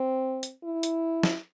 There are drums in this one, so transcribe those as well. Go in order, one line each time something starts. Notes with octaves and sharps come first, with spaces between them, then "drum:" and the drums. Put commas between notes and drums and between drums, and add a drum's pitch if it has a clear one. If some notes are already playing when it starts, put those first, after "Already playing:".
Already playing: C4
drum: hi-hat
E4
drum: hi-hat
drum: snare